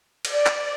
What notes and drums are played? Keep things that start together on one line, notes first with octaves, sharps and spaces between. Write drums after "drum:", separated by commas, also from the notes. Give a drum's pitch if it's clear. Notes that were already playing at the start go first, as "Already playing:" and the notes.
D5, drum: cymbal
drum: clap